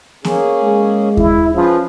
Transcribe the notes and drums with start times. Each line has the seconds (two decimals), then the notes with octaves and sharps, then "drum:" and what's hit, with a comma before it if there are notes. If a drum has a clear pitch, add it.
0.25 A#3 C#4 G#4, drum: snare B3
0.63 G#3
1.17 E4, drum: kick D#2
1.55 F3 C#4 F4 G#4 B4